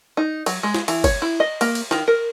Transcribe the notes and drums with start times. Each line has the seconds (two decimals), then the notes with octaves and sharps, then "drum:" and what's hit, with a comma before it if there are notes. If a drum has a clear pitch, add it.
0.17 D#4
0.46 F#3, drum: cymbal
0.63 G#3
0.74 drum: snare
0.88 E3, drum: cymbal
1.04 C#5, drum: kick, cymbal
1.22 E4
1.40 D#5
1.61 A#3, drum: cymbal
1.75 drum: cymbal
1.91 D#3, drum: snare
2.08 A#4